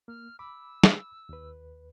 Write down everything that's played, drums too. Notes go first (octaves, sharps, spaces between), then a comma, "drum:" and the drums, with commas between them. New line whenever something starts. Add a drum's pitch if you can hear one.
A#3 F6
B5 D6 E6
drum: snare
D#2 B4